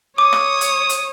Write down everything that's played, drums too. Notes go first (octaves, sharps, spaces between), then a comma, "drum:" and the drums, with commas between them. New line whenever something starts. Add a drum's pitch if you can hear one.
C#5 D6 D#6
drum: rim click
drum: hi-hat
drum: hi-hat